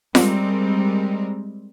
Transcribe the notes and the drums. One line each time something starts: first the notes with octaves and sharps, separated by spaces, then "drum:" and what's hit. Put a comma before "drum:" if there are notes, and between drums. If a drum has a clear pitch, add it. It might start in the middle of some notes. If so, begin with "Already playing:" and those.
G3 G#3 C4 A#4, drum: snare F4